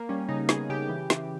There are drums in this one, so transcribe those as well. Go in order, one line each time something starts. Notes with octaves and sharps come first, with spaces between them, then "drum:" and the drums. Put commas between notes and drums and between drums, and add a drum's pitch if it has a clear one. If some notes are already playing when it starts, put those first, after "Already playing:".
Already playing: A#3
G3 C#4
C#3 D#4
B3 G#4, drum: snare
C#3 G4
E3
E3, drum: snare